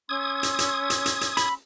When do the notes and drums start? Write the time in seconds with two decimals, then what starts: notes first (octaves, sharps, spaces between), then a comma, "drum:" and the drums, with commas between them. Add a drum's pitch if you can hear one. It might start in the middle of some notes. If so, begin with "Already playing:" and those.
0.09 C#4 C6 D#6 E6 G#6
0.43 drum: hi-hat
0.59 drum: hi-hat
0.90 drum: hi-hat
1.06 drum: hi-hat
1.21 drum: hi-hat
1.37 B5, drum: hi-hat